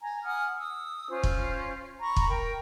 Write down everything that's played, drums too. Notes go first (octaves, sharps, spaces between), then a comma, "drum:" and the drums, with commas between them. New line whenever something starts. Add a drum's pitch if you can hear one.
G#5 A#5
F#5 G#5 D#6 F6
D#6 E6
C#4 F4 C5
drum: kick
A#5 B5 C#6
drum: kick
A#4 G5